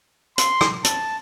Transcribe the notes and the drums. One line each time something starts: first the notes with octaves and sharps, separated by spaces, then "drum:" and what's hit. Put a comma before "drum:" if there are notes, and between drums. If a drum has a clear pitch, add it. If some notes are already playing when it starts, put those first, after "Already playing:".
C6, drum: hi-hat
drum: rim click
A5, drum: hi-hat